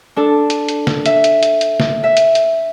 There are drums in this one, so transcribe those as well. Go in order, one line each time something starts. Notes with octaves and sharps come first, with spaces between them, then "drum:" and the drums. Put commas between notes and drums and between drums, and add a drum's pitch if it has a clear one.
D4 A4
drum: hi-hat
drum: hi-hat
drum: snare
E5, drum: hi-hat
drum: hi-hat
drum: hi-hat
drum: hi-hat
drum: snare
E5
drum: hi-hat
drum: hi-hat